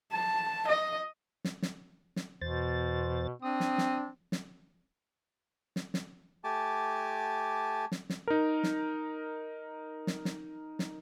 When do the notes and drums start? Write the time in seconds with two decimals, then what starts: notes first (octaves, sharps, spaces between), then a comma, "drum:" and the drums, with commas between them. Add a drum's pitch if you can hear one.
0.12 A5
0.67 D#5
1.44 drum: snare
1.62 drum: snare
2.16 drum: snare
2.41 E2 B2 C5 A6
3.42 C4 D4 D#6
3.60 drum: snare
3.78 drum: snare
4.32 drum: snare
5.76 drum: snare
5.94 drum: snare
6.44 A3 G4 G#5 A5 D6
7.92 drum: snare
8.10 drum: snare
8.28 D#4 A#4
8.63 drum: snare
10.07 drum: snare
10.25 drum: snare
10.79 drum: snare